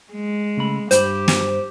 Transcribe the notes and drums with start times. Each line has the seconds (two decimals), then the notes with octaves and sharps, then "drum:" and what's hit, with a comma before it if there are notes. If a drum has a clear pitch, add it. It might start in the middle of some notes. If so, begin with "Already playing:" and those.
0.12 G#3
0.57 C#3 A3 B5
0.91 G2 G4 C5 B5, drum: hi-hat
1.28 drum: snare